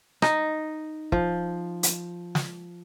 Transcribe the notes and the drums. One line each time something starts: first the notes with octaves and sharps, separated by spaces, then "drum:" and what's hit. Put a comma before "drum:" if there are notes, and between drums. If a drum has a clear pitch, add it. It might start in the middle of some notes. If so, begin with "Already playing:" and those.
D#4, drum: rim click
F3, drum: kick
drum: hi-hat
drum: snare